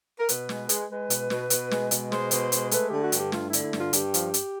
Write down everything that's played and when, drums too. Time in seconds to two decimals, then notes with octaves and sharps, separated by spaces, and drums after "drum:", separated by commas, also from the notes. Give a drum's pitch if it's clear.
0.19 A#4
0.29 B2 B4, drum: hi-hat
0.49 G#3, drum: snare
0.69 G#3, drum: hi-hat
0.90 G#3 B4
1.10 B2, drum: hi-hat
1.30 B2, drum: snare
1.50 B2, drum: hi-hat
1.71 G#3, drum: snare
1.91 B2, drum: hi-hat
2.12 G#3 C5, drum: snare
2.31 B2, drum: hi-hat
2.52 G#3, drum: hi-hat
2.71 A3 B4, drum: hi-hat
2.87 D3 G4
3.03 F#4
3.12 G2, drum: hi-hat
3.18 G4
3.32 A3 F4, drum: snare
3.48 E4
3.53 D3, drum: hi-hat
3.63 E4
3.73 G2, drum: snare
3.79 F4
3.93 G2 G4, drum: hi-hat
4.14 F3, drum: hi-hat
4.34 drum: hi-hat